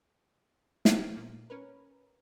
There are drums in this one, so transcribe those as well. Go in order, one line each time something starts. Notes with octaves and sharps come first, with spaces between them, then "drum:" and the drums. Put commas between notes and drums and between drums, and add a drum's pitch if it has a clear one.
A#2 F#3 B3 G4 F6 G#6, drum: snare
A#2
C#4 A#4 B4